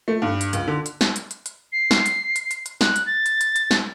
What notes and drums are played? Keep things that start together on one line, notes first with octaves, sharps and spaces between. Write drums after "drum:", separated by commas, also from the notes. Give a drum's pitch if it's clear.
A3
G2
drum: hi-hat
C#2, drum: hi-hat
D3
drum: hi-hat
drum: snare
drum: hi-hat
drum: hi-hat
drum: hi-hat
C7
drum: snare
drum: hi-hat
drum: hi-hat
drum: hi-hat
drum: hi-hat
F#6, drum: snare
drum: hi-hat
A6
drum: hi-hat
drum: hi-hat
drum: hi-hat
drum: snare